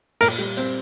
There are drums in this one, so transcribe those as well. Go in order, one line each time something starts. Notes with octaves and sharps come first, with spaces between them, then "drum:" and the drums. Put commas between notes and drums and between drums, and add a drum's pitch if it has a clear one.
A#2 A#4, drum: open hi-hat
G3, drum: hi-hat
C4, drum: hi-hat